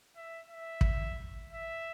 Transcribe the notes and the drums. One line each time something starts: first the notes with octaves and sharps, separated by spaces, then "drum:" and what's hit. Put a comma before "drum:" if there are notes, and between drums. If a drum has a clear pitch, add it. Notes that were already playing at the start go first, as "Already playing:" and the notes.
E5
E5
drum: kick
E5